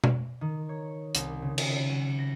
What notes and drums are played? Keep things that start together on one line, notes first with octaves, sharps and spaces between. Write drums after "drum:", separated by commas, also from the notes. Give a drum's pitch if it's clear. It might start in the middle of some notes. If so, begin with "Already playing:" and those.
drum: tom B2
D#3
C#5
C2, drum: hi-hat
C#3
drum: cymbal
F#3
A#6